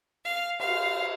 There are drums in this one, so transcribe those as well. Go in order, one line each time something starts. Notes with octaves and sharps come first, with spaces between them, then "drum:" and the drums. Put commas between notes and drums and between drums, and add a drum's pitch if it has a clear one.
F5
F5, drum: cymbal